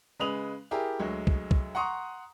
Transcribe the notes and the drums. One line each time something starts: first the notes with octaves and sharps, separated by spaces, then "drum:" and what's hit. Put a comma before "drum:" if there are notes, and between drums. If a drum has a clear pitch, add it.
C#3 G#3 B4 D#6 F7 F#7
E4 G4 G#4 A#4
D2 F#3 G#3
drum: kick
drum: kick
F#5 A#5 C6 C#6 D#6